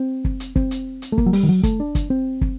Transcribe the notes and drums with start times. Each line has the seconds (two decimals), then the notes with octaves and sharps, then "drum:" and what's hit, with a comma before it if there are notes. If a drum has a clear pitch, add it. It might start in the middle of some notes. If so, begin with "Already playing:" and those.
Already playing: C4
0.25 drum: kick
0.40 drum: hi-hat
0.56 C4, drum: kick
0.71 drum: hi-hat
1.02 drum: hi-hat
1.12 A3
1.18 A#3, drum: kick
1.26 F#3
1.33 G3, drum: open hi-hat
1.43 D#3
1.49 F#3
1.63 A3, drum: kick, hi-hat
1.80 D4
1.95 drum: kick, hi-hat
2.10 C4
2.41 drum: kick